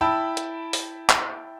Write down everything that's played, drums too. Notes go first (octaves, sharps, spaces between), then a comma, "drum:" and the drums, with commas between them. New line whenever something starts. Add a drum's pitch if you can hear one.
E4 G5 A5 B5 E6
drum: hi-hat
drum: open hi-hat
drum: clap